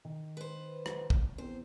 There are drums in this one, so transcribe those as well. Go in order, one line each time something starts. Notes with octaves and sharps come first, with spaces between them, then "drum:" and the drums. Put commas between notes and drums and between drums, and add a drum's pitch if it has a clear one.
D#3
B4 C5
drum: rim click
drum: kick
E2 C4 C5